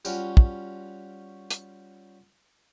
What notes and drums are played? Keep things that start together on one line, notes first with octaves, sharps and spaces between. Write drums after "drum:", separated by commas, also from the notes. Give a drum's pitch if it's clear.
G3 C#4 F4 F#4, drum: tambourine
drum: kick
drum: hi-hat